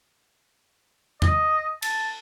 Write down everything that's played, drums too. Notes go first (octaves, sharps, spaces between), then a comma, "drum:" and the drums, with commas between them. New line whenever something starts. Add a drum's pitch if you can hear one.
D#5, drum: tom E2
A5, drum: cymbal